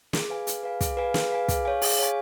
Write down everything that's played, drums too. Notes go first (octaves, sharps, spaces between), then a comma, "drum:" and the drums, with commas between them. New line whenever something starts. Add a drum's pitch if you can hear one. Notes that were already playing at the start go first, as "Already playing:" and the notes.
G#4, drum: snare
B4 F5 G#5
G#4, drum: hi-hat
B4 F5 G#5
G#4, drum: kick, hi-hat
B4 F5 G#5
G#4, drum: snare
B4 F5 G#5
G#4, drum: kick, hi-hat
C#5 F5 G#5
G#4, drum: open hi-hat
C#5 F5 G#5